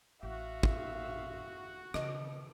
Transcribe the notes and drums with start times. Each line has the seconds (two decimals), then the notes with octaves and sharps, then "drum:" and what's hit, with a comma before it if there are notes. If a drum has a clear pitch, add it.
0.23 A1 F#4 E5 F5
0.63 drum: kick
1.94 C#3 D#5, drum: rim click